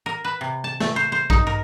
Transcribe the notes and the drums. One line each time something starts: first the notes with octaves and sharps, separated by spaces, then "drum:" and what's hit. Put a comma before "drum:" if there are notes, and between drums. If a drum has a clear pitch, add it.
A#4
B4
C3
A5
A3, drum: snare
C5
C5
D#4, drum: kick A#1
A#4